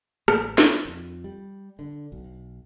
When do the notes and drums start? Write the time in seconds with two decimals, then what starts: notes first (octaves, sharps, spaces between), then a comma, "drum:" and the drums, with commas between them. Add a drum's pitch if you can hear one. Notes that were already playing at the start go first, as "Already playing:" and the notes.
0.28 A1, drum: rim click
0.58 B2, drum: snare
0.85 F2
1.24 G3
1.79 D3
2.12 B1